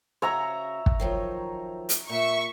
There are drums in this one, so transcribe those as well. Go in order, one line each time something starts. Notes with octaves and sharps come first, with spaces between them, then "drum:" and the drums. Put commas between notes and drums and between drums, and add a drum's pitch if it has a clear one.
C#3 F#4 C#5 E5 A#5
drum: kick
D#3 F3 F#3
drum: hi-hat
A#2 E5 C#6